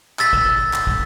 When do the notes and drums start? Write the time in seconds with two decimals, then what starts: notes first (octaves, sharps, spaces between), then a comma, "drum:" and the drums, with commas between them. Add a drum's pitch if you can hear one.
0.19 E6 A6 B6, drum: clap
0.33 drum: kick
0.73 drum: clap
0.87 drum: kick